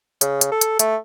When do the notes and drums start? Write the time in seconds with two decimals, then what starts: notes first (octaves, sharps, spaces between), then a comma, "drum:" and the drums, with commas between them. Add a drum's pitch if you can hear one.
0.21 C#3, drum: hi-hat
0.41 drum: hi-hat
0.52 A4
0.61 drum: hi-hat
0.79 A3, drum: hi-hat